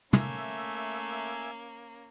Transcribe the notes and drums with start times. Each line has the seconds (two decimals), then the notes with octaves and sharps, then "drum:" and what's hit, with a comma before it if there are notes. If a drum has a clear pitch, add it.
0.13 A3 A#3 C#4 E5 G#5, drum: tom